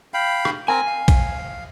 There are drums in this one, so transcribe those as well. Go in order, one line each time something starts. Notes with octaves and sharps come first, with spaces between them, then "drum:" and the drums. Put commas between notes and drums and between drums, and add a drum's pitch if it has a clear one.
F5 G5 B5
drum: rim click
C4 A#4 G#5
F5
drum: kick A#1, cymbal